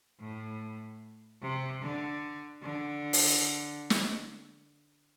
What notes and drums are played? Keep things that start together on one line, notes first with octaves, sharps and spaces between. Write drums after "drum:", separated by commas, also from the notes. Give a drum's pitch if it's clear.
A2
C3
D3
D3
drum: open hi-hat
drum: snare